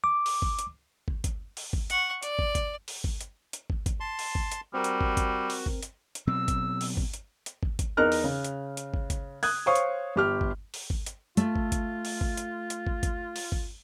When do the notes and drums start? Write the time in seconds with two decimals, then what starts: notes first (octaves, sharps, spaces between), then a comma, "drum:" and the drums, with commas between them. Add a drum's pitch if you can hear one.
0.04 D6
0.26 drum: open hi-hat
0.42 drum: kick
0.59 drum: hi-hat
1.08 drum: kick
1.24 drum: kick, hi-hat
1.57 drum: open hi-hat
1.73 drum: kick
1.90 F#5 C#6, drum: hi-hat
2.23 D5, drum: hi-hat
2.39 drum: kick
2.55 drum: kick, hi-hat
2.88 drum: open hi-hat
3.04 drum: kick
3.21 drum: hi-hat
3.53 drum: hi-hat
3.70 drum: kick
3.86 drum: kick, hi-hat
4.00 A5 C6
4.19 drum: open hi-hat
4.35 drum: kick
4.52 drum: hi-hat
4.74 G3 C4 F#4 A#4
4.84 drum: hi-hat
5.01 drum: kick
5.17 drum: kick, hi-hat
5.50 drum: open hi-hat
5.66 drum: kick
5.83 drum: hi-hat
6.15 drum: hi-hat
6.27 B2 F#3 C4 E6
6.48 drum: kick, hi-hat
6.81 drum: open hi-hat
6.97 drum: kick
7.13 drum: hi-hat
7.46 drum: hi-hat
7.63 drum: kick
7.79 drum: kick, hi-hat
7.97 E2 D#4 A#4 F6 F#6
8.12 drum: open hi-hat
8.24 C#3
8.44 drum: hi-hat
8.77 drum: hi-hat
8.94 drum: kick
9.10 drum: kick, hi-hat
9.43 D#6 F#6 G#6, drum: open hi-hat
9.66 C5 C#5 F5 C#6 D#6
9.75 drum: hi-hat
10.16 G1 G4 F6
10.41 drum: kick
10.74 drum: open hi-hat
10.90 drum: kick
11.06 drum: hi-hat
11.37 A3 F4, drum: hi-hat
11.56 drum: kick
11.72 drum: kick, hi-hat
12.05 drum: open hi-hat
12.21 drum: kick
12.37 drum: hi-hat
12.70 drum: hi-hat
12.87 drum: kick
13.03 drum: kick, hi-hat
13.36 drum: open hi-hat
13.52 drum: kick